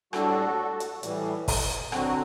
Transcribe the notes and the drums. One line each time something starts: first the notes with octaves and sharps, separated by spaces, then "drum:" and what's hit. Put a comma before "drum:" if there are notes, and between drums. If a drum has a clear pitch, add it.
A2 G3 D4 F#4 A4, drum: rim click
drum: hi-hat
A2 E3 G3, drum: hi-hat
drum: kick, open hi-hat
drum: hi-hat
D3 F#3 C4 F#4, drum: rim click